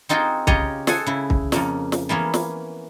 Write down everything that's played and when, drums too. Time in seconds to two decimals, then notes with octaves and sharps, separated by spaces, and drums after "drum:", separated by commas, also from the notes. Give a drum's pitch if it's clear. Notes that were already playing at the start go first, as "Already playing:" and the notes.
0.09 C4 D#4 F4 F#4 G#4 G5
0.47 C#3 F4 G4 C#5 D#5 A#5, drum: kick C2
0.87 G#4 A4 C5 F#5 G#5, drum: snare
1.07 C#3 E4
1.30 drum: kick C2
1.52 F2 C#3 A#3, drum: snare
1.92 drum: snare
2.09 E3 A#3 B3 C#4
2.34 drum: snare